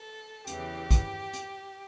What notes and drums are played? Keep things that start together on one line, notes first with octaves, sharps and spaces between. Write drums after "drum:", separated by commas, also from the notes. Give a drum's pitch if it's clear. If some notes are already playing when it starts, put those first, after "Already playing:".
Already playing: A4
E2 C#3 E3 G4, drum: hi-hat
drum: kick, hi-hat
drum: hi-hat